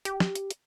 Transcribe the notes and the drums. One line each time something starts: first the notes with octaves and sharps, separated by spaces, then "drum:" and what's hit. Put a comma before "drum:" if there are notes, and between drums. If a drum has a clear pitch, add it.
G4, drum: hi-hat
drum: snare
drum: hi-hat
drum: hi-hat